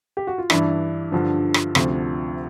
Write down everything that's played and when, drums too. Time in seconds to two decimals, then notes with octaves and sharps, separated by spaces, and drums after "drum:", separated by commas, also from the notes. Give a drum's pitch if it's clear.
0.17 G4
0.27 F#4
0.38 F4
0.50 G2 E3 D4 E4, drum: rim click
1.12 G2 D3 F3
1.54 drum: rim click
1.75 D2 C3 F3, drum: rim click